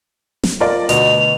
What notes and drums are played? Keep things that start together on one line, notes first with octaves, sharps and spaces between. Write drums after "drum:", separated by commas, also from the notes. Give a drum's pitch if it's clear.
drum: snare
F4 A#4 D5
D2 B2 F7, drum: hi-hat